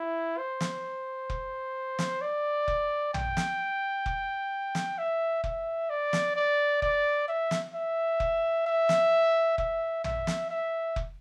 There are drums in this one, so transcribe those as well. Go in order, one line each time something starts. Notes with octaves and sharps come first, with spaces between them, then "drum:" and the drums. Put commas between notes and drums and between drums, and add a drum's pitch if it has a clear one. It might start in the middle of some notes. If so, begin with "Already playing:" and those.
Already playing: E4
C5
drum: snare
drum: kick F1
drum: snare
D5
drum: kick F1
G5, drum: tom
drum: snare
drum: kick F1
drum: snare
E5
E5, drum: kick F1
D5
drum: snare
D5
D5, drum: kick F1
E5
drum: snare
E5
drum: kick F1
E5
drum: snare
E5, drum: kick F1
E5, drum: tom
drum: snare
E5
drum: kick F1